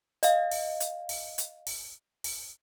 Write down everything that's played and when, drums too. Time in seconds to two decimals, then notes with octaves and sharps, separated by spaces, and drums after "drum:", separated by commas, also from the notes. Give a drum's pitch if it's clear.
0.23 D#5 F5, drum: hi-hat
0.51 drum: open hi-hat
0.80 drum: hi-hat
1.09 drum: open hi-hat
1.38 drum: hi-hat
1.67 drum: open hi-hat
2.24 drum: open hi-hat